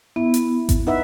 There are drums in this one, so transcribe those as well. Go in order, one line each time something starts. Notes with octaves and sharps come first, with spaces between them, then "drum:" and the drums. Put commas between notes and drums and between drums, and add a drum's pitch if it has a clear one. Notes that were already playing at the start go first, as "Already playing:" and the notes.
B3 E4
drum: hi-hat
drum: kick G#1, hi-hat
D#4 B4 E5 F#5